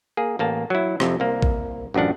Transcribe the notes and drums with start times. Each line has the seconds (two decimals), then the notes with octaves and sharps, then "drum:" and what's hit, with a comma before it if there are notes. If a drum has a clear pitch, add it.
0.17 A#3 G#4
0.39 A1 A#3 A5
0.70 F#3 E4
1.00 F2 C3, drum: rim click
1.20 C2 A#3
1.42 drum: kick A1
1.94 A1 F#2 F3 D4 F#5